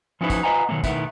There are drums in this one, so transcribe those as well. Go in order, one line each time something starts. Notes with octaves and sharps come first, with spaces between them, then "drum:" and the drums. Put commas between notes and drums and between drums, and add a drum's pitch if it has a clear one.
F3 C#4 D#4 E4 F#4 B4
drum: kick, tambourine
F4 B4 D#5 F#5 G#5 A#5
B2 D#3 F#3 A3 A#3
B2 D#3 A3 B3 E4, drum: kick, tambourine